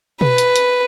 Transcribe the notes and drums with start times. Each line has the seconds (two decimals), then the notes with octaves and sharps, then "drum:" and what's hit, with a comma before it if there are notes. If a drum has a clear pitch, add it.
0.21 B4, drum: tom B2
0.38 drum: hi-hat
0.56 drum: hi-hat